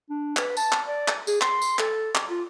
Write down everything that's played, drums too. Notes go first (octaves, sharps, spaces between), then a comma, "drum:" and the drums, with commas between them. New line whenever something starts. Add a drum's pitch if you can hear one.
D4
B4, drum: clap
A5, drum: tambourine
drum: clap
D5
drum: clap
G#4, drum: tambourine
C6, drum: clap
drum: tambourine
A4, drum: clap
drum: clap
F4